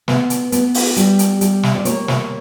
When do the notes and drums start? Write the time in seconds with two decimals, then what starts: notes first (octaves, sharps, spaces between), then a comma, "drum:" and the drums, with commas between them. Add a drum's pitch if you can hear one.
0.08 B3, drum: snare
0.30 drum: hi-hat
0.52 B3, drum: hi-hat
0.74 drum: open hi-hat
0.96 G3, drum: hi-hat
1.19 drum: hi-hat
1.41 G3, drum: hi-hat
1.63 drum: snare
1.75 D5
1.85 A#3 C#5, drum: hi-hat
2.08 C#5, drum: snare